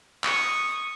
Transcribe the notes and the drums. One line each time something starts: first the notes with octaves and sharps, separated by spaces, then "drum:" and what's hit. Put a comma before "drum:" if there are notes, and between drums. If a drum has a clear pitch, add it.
C#6 D#6, drum: clap